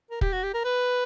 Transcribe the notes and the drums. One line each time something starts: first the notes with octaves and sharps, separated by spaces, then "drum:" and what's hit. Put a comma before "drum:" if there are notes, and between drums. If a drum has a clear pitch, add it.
A#4
G4, drum: kick
F#4
G4
A#4
B4